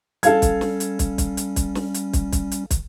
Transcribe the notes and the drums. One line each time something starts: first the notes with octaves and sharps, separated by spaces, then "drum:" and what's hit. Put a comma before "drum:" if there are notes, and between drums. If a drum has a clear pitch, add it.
G3 C#4 A4 F5 G#6, drum: hi-hat
drum: kick, hi-hat
drum: snare
drum: hi-hat
drum: kick, hi-hat
drum: kick, hi-hat
drum: hi-hat
drum: kick, hi-hat
drum: snare
drum: hi-hat
drum: kick, hi-hat
drum: kick, hi-hat
drum: hi-hat
drum: kick, hi-hat